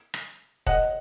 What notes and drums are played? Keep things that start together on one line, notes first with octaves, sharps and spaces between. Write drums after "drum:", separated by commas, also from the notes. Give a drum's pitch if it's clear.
drum: rim click
D#5 F#5, drum: kick D#1